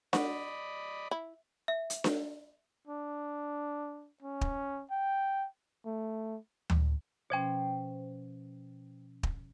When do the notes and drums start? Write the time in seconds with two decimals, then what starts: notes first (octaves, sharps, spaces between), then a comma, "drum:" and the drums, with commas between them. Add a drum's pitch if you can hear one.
0.13 F#4 D5 D#5 B5, drum: snare D4
1.11 E4
1.68 E5
1.90 drum: hi-hat
2.04 drum: snare D4
2.87 D4
4.22 C#4
4.41 drum: kick
4.91 G5
5.85 A3
6.70 drum: tom D2
7.30 B2 F3 C#4 C5 G5
9.23 drum: kick